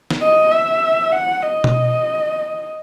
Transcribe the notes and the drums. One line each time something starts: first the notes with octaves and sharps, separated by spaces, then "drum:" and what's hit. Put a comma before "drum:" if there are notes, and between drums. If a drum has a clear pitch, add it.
drum: snare
D#5
E5
F#5
D#5
drum: tom B2